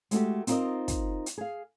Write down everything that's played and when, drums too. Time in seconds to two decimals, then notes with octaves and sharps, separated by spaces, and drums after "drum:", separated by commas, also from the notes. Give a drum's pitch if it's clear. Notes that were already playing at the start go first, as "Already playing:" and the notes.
0.11 G#3 A3 F#4 G4, drum: hi-hat
0.47 C4 D#4 F4 A4 A#4 D#5, drum: hi-hat
0.88 drum: kick, hi-hat
1.26 drum: hi-hat
1.38 G#4 F5